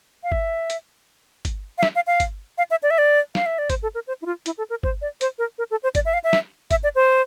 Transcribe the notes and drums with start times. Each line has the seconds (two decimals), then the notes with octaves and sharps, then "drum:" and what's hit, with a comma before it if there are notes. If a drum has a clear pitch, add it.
0.23 F5
0.32 E5, drum: kick G1
0.70 drum: hi-hat
1.45 drum: kick G1, hi-hat
1.78 F5
1.83 E5, drum: snare
1.95 F5
2.07 F5
2.20 drum: kick G1, hi-hat
2.58 F5
2.71 E5
2.83 D5
2.90 E5
2.98 D5
3.35 F5, drum: snare
3.46 E5
3.58 D5
3.70 C5, drum: kick G1, hi-hat
3.83 A4
3.95 A#4
4.07 C5
4.22 E4
4.26 F4
4.46 E4, drum: hi-hat
4.58 A4
4.70 A#4
4.83 C5, drum: kick G1
5.01 D5
5.21 C5, drum: hi-hat
5.38 A#4
5.58 A#4
5.71 A4
5.83 C5
5.95 D5, drum: kick G1, hi-hat
6.05 E5
6.14 F5
6.24 E5
6.33 drum: snare
6.71 E5, drum: kick G1, hi-hat
6.83 D5
6.95 C5